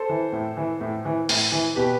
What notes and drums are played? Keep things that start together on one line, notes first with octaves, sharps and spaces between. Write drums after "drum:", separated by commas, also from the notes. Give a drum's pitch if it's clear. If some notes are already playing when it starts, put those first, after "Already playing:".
Already playing: A4 C5
E3
A2
E3
A2
E3
A2, drum: open hi-hat
E3
B2 G4 B4